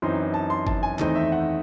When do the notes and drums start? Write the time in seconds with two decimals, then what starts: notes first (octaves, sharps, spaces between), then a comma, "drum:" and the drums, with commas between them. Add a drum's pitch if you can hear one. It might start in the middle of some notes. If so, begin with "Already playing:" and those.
0.02 F#2 E3 C4 D#4 C6
0.34 A5
0.50 C6
0.67 A5, drum: kick G1
0.83 G#5
0.99 E2 D#3 A3 C4 D#4 D#5, drum: clap
1.16 E5
1.32 F#5